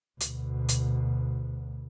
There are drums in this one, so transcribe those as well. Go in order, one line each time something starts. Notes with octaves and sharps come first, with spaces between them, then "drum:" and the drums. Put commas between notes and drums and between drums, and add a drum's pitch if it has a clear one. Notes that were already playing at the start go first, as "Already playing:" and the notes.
D2 B2, drum: hi-hat
drum: hi-hat